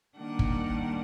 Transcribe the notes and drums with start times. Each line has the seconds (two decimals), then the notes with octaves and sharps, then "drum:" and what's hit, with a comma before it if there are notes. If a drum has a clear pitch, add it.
0.18 D#3 G3 A#3 D4 F#5
0.39 drum: kick